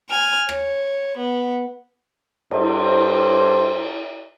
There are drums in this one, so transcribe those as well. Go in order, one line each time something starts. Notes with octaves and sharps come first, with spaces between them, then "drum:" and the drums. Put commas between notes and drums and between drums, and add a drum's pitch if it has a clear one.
G#5 F6
C#5, drum: rim click
B3
G2 A4 C5, drum: cymbal